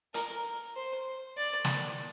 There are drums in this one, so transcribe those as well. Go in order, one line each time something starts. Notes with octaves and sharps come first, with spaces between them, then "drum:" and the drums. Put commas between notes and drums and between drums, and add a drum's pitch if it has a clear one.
A#4, drum: hi-hat
C5
D5
drum: snare